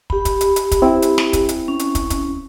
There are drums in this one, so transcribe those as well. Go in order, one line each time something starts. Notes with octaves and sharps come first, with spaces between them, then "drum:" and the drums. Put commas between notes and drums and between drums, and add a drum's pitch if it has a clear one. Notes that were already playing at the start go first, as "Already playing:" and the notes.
G4 B5, drum: kick
drum: kick, hi-hat
drum: hi-hat
drum: hi-hat
drum: kick, hi-hat
C4 E4
drum: hi-hat
drum: snare
drum: kick, hi-hat
drum: hi-hat
C#4
drum: hi-hat
drum: kick, hi-hat
drum: kick, hi-hat